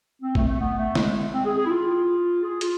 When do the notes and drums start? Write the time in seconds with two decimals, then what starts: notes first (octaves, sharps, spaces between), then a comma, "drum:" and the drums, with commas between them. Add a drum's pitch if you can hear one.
0.22 C4
0.35 A3, drum: kick G#1
0.47 A3
0.59 B3
0.77 A3
0.95 G#3, drum: snare
1.33 C4
1.45 G#4
1.57 G#4
1.65 E4
1.69 F4
2.43 G#4
2.61 F4, drum: hi-hat